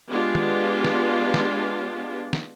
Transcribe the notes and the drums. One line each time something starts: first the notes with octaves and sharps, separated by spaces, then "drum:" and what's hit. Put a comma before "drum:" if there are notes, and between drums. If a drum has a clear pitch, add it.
G#3 B3 D4 F4 G4
drum: tom
drum: snare
drum: snare
drum: snare